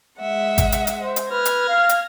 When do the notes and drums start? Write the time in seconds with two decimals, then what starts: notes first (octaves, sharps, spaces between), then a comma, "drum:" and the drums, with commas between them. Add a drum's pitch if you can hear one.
0.20 G#3 E5 F#5
0.58 drum: kick G#1, hi-hat
0.72 drum: hi-hat
0.87 drum: hi-hat
1.02 C5
1.16 drum: hi-hat
1.31 B4 F6 G#6 A#6
1.45 drum: hi-hat
1.69 F5
1.89 drum: hi-hat